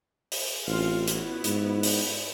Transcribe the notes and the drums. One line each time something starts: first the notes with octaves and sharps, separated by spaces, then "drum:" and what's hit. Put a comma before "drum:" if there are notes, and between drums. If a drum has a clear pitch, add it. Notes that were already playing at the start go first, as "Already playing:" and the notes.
drum: open hi-hat
A1 C4 F4 F5
B3 E4 F#4, drum: hi-hat
G#2, drum: hi-hat
drum: open hi-hat